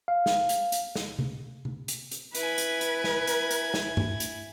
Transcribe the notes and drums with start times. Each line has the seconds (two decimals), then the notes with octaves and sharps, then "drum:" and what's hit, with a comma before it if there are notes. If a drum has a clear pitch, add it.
0.08 F5
0.26 drum: snare
0.49 drum: hi-hat
0.72 drum: hi-hat
0.95 drum: snare
1.19 drum: tom C3
1.65 drum: tom C3
1.88 drum: hi-hat
2.11 drum: hi-hat
2.35 E4 B4 G#5, drum: hi-hat
2.58 drum: hi-hat
2.81 drum: hi-hat
3.04 drum: snare
3.27 drum: hi-hat
3.51 drum: hi-hat
3.74 drum: snare
3.97 drum: tom G2
4.20 drum: hi-hat